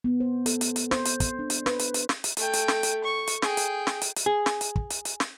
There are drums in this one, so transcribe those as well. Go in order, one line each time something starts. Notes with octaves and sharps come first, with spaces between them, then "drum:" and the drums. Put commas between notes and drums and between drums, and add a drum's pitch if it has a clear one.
B3
C5
A4, drum: hi-hat
drum: hi-hat
drum: hi-hat
C5, drum: snare
drum: hi-hat
drum: kick, hi-hat
D4
drum: hi-hat
B4, drum: snare
drum: hi-hat
drum: hi-hat
drum: snare
drum: hi-hat
A3 G5, drum: hi-hat
drum: hi-hat
drum: snare
drum: hi-hat
C#6
drum: hi-hat
G#4 G5, drum: snare
drum: hi-hat
drum: snare
drum: hi-hat
drum: hi-hat
G#4
drum: snare
drum: hi-hat
drum: kick
drum: hi-hat
drum: hi-hat
drum: snare